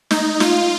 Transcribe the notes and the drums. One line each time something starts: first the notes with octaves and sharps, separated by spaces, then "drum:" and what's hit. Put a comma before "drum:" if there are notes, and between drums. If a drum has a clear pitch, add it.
D#4, drum: snare
F4, drum: snare